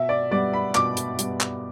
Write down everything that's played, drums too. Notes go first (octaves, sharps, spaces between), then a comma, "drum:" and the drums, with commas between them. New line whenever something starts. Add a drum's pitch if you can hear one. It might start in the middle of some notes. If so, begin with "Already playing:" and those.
Already playing: B2 E5
D5
G3 B3 D5
B5
B2 D6, drum: clap
drum: hi-hat
G3 B3, drum: hi-hat
drum: clap